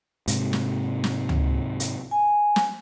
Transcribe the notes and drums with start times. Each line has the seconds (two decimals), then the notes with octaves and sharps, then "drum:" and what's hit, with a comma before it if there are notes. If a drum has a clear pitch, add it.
0.28 G#2 C3, drum: hi-hat
0.53 drum: snare
1.04 drum: snare
1.29 drum: tom C#2
1.80 drum: hi-hat
2.11 G#5
2.56 drum: snare